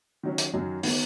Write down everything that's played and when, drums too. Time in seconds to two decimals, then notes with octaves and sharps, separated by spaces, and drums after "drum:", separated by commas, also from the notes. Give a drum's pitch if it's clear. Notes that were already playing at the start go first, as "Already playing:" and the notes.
0.23 D#3 F#3 C#4
0.38 drum: hi-hat
0.53 F#2 D#3 F#3
0.83 D#3 B3 F#4, drum: open hi-hat